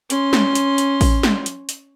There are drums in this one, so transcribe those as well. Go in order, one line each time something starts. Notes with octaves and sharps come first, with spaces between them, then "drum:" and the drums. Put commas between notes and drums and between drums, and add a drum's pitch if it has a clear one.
C#4 C6, drum: hi-hat
drum: snare
drum: hi-hat
drum: hi-hat
drum: kick A1, open hi-hat
drum: snare
drum: hi-hat
drum: hi-hat